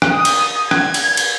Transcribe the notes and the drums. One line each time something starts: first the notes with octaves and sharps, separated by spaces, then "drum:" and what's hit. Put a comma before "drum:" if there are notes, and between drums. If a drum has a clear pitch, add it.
drum: rim click
D#6
drum: cymbal
G#6, drum: rim click
drum: cymbal
drum: cymbal